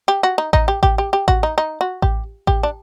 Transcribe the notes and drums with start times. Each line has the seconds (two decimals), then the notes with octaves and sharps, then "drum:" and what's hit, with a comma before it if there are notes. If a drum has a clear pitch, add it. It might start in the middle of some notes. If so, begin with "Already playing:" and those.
0.08 G4
0.23 F#4
0.38 D#4
0.53 D#4, drum: kick A1
0.68 G4
0.83 G4, drum: kick A1
0.98 G4
1.13 G4
1.28 F#4, drum: kick A1
1.43 D#4
1.58 D#4
1.81 F#4
2.02 G4, drum: kick A1
2.47 G4, drum: kick A1
2.63 D4